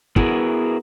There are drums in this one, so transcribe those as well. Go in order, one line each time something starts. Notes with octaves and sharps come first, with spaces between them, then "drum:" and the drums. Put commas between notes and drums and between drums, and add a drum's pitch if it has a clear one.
B3 E4 F#4 G#4 A#4 B4, drum: kick